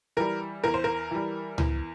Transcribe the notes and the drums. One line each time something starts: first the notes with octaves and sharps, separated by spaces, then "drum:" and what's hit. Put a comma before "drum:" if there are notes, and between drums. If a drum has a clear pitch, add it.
E3 G3 A#4
E2 A#4
C5
A#4
E3 G3
E2, drum: tom C#2